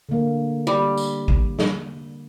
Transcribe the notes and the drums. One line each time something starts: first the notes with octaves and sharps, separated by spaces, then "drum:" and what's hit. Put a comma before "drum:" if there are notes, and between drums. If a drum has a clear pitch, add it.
D3 A#3
G3
drum: tambourine
drum: kick
drum: snare